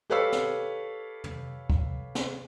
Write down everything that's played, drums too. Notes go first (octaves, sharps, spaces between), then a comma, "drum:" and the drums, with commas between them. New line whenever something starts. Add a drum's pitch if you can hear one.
G4 A4 B4 C#5 F5 E6
drum: snare
drum: tom
drum: kick C#2
drum: snare